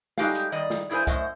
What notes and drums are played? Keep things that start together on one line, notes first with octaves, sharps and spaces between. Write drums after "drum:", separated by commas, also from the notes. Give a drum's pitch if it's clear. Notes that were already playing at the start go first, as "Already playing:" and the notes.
G3 G#3 D#4 G4 A4 F5, drum: snare
drum: hi-hat
D#3 G3 D5 D#5
drum: snare
G2 E4 G#4 A#4 C5 G#5
F#2 A3 C5 D#5 F#5, drum: kick, hi-hat